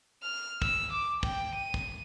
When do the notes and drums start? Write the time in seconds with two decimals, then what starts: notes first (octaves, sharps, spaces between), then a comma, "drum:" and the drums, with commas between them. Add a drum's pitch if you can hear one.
0.23 F6
0.62 E6, drum: kick
0.92 D6
1.23 G5, drum: kick
1.55 D#7
1.74 drum: kick